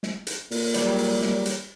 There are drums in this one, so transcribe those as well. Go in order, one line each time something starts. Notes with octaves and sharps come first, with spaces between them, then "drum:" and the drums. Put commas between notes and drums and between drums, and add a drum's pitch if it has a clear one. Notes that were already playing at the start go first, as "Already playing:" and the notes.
drum: snare
drum: hi-hat
A#2, drum: open hi-hat
F#3 G3 D5, drum: hi-hat
drum: open hi-hat
drum: snare
drum: hi-hat